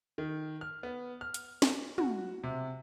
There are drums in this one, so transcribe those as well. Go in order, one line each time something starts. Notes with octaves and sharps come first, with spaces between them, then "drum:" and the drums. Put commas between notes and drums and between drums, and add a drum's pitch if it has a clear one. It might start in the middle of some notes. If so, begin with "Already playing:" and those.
D#3
F6
B3
F6
drum: hi-hat
drum: snare
F#4, drum: tom
C3